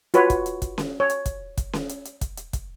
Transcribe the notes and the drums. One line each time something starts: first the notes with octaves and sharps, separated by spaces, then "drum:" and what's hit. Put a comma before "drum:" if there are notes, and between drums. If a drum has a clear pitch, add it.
F4 F#4 B4 C#5, drum: hi-hat
drum: kick, hi-hat
drum: hi-hat
drum: kick, hi-hat
drum: snare C#4
C#5
drum: hi-hat
drum: kick, hi-hat
drum: kick, hi-hat
drum: snare C#4
drum: hi-hat
drum: hi-hat
drum: kick, hi-hat
drum: hi-hat
drum: kick, hi-hat